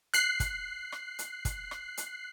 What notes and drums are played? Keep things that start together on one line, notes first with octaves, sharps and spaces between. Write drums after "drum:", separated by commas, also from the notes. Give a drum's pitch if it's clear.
F#6 C7, drum: hi-hat
drum: kick, hi-hat
drum: rim click
drum: hi-hat
drum: kick, hi-hat
drum: rim click
drum: hi-hat